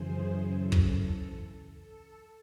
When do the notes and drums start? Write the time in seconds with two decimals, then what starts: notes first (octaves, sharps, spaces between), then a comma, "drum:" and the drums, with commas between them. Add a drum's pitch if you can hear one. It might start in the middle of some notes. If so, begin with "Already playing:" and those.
Already playing: F#2 C#3 E3 G#4 C5
0.50 A4
0.72 drum: kick
0.91 A4
1.75 A4